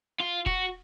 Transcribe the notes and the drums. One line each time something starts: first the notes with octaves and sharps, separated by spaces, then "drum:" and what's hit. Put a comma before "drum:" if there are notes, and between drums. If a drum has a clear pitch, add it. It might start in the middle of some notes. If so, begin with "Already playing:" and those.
F4
F#4, drum: kick F1